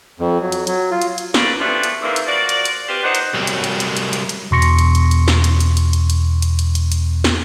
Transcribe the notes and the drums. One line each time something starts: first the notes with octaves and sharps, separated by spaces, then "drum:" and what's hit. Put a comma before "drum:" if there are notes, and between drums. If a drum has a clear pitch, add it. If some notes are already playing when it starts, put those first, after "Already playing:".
F2
F#3
drum: hi-hat
F#3, drum: hi-hat
F4
drum: hi-hat
drum: hi-hat
A3 A#3 B4 D5, drum: snare
F3 G3 A3 B3 D4
drum: hi-hat
G#2 D3 E3 A#3 C4
drum: hi-hat
F3 A#3 F#4 D5
drum: hi-hat
drum: hi-hat
C4 F4 G4 B4 C5
A#2 D4 D#4 C5 F#5
drum: hi-hat
C2 F#3
drum: hi-hat
drum: hi-hat
drum: hi-hat
drum: hi-hat
drum: hi-hat
drum: hi-hat
E2 B2 C6 C#6 A#6 C#7
drum: hi-hat
drum: hi-hat
drum: hi-hat
drum: hi-hat
drum: snare
drum: hi-hat
drum: hi-hat
drum: hi-hat
drum: hi-hat
drum: hi-hat
drum: hi-hat
drum: hi-hat
drum: hi-hat
drum: hi-hat
drum: snare